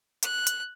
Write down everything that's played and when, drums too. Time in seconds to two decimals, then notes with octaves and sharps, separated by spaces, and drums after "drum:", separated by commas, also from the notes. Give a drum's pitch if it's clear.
0.23 F#6, drum: hi-hat
0.47 drum: hi-hat